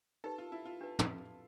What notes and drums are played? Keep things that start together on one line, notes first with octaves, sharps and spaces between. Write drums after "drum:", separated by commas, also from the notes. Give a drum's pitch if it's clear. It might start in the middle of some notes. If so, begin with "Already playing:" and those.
D#4 G4 A4 B4
F4
E4
F4
D4 G4 B4
drum: tom